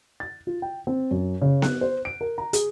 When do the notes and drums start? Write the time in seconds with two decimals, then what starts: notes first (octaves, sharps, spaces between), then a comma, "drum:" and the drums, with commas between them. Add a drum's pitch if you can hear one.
0.20 A6
0.47 F4
0.62 G5
0.87 C4
1.11 F#2
1.42 C#3
1.62 F#6, drum: snare B3
1.81 C5
2.05 D7
2.21 A#4
2.38 A#5
2.53 G#4, drum: hi-hat